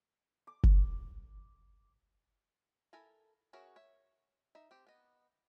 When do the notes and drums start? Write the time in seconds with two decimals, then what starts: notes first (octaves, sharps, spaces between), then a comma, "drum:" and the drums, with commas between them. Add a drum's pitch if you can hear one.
0.47 D6
0.64 drum: kick
2.93 E4 A4 A#4 G#5 A#5
3.53 C#4 F#4 G#4 A#4 E5
3.76 C#5 E5
4.55 D#4 E5
4.71 C4 G4
4.87 B3 D#5